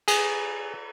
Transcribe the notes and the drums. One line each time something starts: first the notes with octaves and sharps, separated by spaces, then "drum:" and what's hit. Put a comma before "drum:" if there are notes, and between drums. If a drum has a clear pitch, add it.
G#4, drum: cymbal